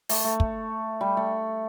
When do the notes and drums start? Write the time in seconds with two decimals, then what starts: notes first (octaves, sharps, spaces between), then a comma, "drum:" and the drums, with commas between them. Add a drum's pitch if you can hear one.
0.09 A3, drum: open hi-hat
0.24 A3
0.40 drum: kick
1.01 G3
1.17 A3